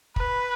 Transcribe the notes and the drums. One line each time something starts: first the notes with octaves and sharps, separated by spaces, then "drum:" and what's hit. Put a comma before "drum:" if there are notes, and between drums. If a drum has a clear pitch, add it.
B4, drum: kick